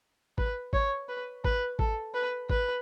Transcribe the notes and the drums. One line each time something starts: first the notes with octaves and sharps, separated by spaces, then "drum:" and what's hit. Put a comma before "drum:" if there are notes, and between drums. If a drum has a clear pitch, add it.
B4, drum: kick G#1
C#5, drum: kick G#1
B4
B4, drum: kick G#1
A4, drum: kick G#1
B4
B4, drum: kick G#1